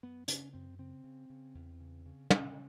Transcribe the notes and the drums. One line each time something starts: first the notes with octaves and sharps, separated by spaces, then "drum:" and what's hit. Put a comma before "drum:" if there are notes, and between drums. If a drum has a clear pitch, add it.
F#2 B3
C#3 C#4, drum: hi-hat
F#2 C4
C#3 C4
C#3
C#3
E2
C#3
C#3
C#3 C#4, drum: tom